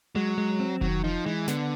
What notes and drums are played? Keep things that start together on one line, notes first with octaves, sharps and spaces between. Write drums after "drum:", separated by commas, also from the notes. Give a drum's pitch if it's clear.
F#3 G#3
G#3
C4
D#3 F#3, drum: kick F1
F3 D#4
E3 G#3
D3 B3, drum: snare